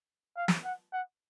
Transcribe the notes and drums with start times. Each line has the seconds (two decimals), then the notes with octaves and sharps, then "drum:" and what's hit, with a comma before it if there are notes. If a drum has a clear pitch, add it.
0.37 F5
0.48 drum: snare
0.64 F#5
0.93 F#5